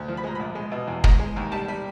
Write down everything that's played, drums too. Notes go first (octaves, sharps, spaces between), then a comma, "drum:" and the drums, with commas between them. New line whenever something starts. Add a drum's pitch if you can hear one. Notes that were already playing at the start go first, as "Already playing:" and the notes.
Already playing: D2
F3
B5
G#3 A#5
A#1 B5
G#3
B2
E2
G#3 A#5, drum: kick
G#3
D#2
G3 A5
G3